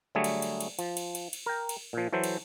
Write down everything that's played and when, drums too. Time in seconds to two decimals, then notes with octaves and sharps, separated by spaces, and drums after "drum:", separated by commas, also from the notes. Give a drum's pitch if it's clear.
0.15 D3 F#3 G3 A3 G#4
0.24 drum: cymbal
0.42 drum: cymbal
0.60 drum: cymbal
0.79 F3, drum: cymbal
0.97 drum: cymbal
1.15 drum: cymbal
1.33 drum: cymbal
1.46 A#4 G5
1.69 drum: cymbal
1.93 A#2 F3
2.13 E3 F#3 A4 C5
2.24 drum: cymbal